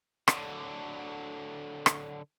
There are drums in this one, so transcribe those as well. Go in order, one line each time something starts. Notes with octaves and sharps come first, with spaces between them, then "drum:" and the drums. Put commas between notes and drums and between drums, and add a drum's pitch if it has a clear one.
D3 F#3, drum: rim click
drum: rim click